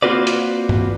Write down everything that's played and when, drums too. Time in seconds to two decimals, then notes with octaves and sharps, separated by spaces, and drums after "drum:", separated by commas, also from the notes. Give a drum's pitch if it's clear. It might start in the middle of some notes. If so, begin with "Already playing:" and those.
0.02 A#3 C4 F4 F#4 B4 D5
0.27 drum: hi-hat
0.69 drum: tom G2